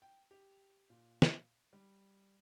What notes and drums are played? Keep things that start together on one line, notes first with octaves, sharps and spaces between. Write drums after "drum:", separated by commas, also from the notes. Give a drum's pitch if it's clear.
G5
G4
A#2
drum: snare
G3